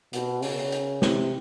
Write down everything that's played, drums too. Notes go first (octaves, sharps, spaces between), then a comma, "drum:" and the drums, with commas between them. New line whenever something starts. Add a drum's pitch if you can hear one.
B2, drum: hi-hat
C#3, drum: open hi-hat
drum: hi-hat
C3, drum: snare E4